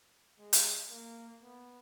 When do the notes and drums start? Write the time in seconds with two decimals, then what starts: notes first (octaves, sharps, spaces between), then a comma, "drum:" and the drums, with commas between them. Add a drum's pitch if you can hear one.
0.39 G#3
0.53 drum: hi-hat
0.90 A#3
1.42 B3